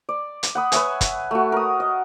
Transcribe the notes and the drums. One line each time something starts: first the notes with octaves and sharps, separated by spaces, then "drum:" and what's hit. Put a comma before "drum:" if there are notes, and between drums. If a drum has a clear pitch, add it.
D5
drum: hi-hat
F#5 B5 D#6
B4 C#5 E5 G#5, drum: hi-hat
drum: kick, hi-hat
A3 F#4
A#4 D#6
D#5